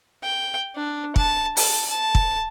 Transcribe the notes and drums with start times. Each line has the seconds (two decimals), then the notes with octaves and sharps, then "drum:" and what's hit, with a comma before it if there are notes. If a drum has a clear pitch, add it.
0.23 G5
0.76 D4
1.16 A5, drum: kick
1.57 A5, drum: open hi-hat
1.88 A5
2.15 drum: kick